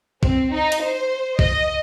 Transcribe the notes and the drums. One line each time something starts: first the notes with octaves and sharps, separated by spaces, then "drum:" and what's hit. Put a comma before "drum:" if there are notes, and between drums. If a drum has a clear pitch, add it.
C4, drum: kick
D#4
drum: hi-hat
C5
D#5, drum: kick